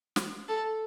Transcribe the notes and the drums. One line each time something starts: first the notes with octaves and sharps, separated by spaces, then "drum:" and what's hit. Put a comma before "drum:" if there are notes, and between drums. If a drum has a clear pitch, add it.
drum: snare
A4